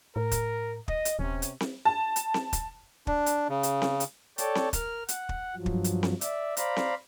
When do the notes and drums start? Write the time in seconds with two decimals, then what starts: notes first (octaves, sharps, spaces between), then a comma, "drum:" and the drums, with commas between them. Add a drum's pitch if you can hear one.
0.16 A2 A#4
0.31 drum: kick, hi-hat
0.88 D#5, drum: kick
1.05 drum: hi-hat
1.19 D#1 C3 C#4
1.42 drum: hi-hat
1.60 drum: snare C4
1.85 A5
2.16 drum: hi-hat
2.34 drum: snare C4
2.53 drum: kick, hi-hat
3.07 D4, drum: kick
3.26 drum: hi-hat
3.49 C#3
3.63 drum: hi-hat
3.82 drum: snare C4
4.00 drum: hi-hat
4.38 A4 C#5 D5 G5 A5, drum: hi-hat
4.55 drum: snare C4
4.73 A#4 F6, drum: kick, hi-hat
5.08 F#5, drum: hi-hat
5.29 drum: kick
5.55 G2 F3 F#3
5.66 drum: kick
5.84 drum: hi-hat
6.03 drum: snare C4
6.21 D5 E5, drum: hi-hat
6.57 C5 D5 F5 A#5 B5, drum: hi-hat
6.76 drum: snare C4